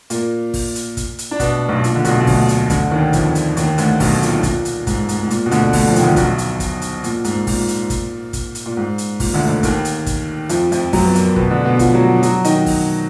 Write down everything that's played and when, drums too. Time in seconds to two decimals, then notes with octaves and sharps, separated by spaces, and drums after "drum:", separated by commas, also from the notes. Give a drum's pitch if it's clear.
0.10 A#2 A#3, drum: hi-hat
0.54 drum: kick, open hi-hat
0.75 drum: hi-hat
0.97 drum: kick, hi-hat
1.19 drum: hi-hat
1.31 D4
1.40 B2 B3, drum: kick, hi-hat
1.69 B1 B2
1.84 A#2, drum: hi-hat
1.95 D3
2.05 B1 B2, drum: hi-hat
2.20 B2
2.27 D2 D3, drum: kick, open hi-hat
2.48 drum: hi-hat
2.70 D2 D3, drum: kick, hi-hat
2.91 D#2 D#3
3.13 F2 F3, drum: kick, hi-hat
3.35 drum: hi-hat
3.57 D#2 D#3, drum: hi-hat
3.78 D2 D3, drum: hi-hat
4.00 B1 B2, drum: kick, open hi-hat
4.22 A#2, drum: hi-hat
4.43 A#2, drum: kick, hi-hat
4.65 drum: hi-hat
4.87 G#2, drum: kick, hi-hat
5.09 G#2, drum: hi-hat
5.23 G#2
5.30 A#2, drum: hi-hat
5.46 B2
5.51 D2 D3, drum: hi-hat
5.73 D2 D3, drum: kick, open hi-hat
5.87 F2 F3
5.96 D#3, drum: hi-hat
6.02 D2 D3
6.16 B1 B2, drum: kick, hi-hat
6.38 drum: hi-hat
6.60 drum: kick, hi-hat
6.82 drum: hi-hat
7.04 A#2, drum: hi-hat
7.24 G#2, drum: hi-hat
7.47 A#2, drum: kick, open hi-hat
7.68 drum: hi-hat
7.90 drum: kick, hi-hat
8.33 drum: kick, hi-hat
8.55 drum: hi-hat
8.66 A#2
8.77 G#2
8.98 drum: hi-hat
9.20 A#2, drum: kick, open hi-hat
9.34 D2 D3
9.48 D2 D3
9.63 D#2 D#3, drum: kick, hi-hat
9.85 drum: hi-hat
10.06 drum: kick, hi-hat
10.49 F2 F3, drum: hi-hat
10.72 F2 F3, drum: hi-hat
10.93 F#2 F#3, drum: kick, open hi-hat
11.05 B3
11.15 A#2 A#3, drum: hi-hat
11.36 B2 B3, drum: kick
11.50 D3 D4
11.65 B2 B3
11.79 F3 F4, drum: kick, hi-hat
11.94 F#3 F#4
12.23 F#3 F#4, drum: hi-hat
12.45 D#3 D#4, drum: hi-hat
12.66 drum: kick, open hi-hat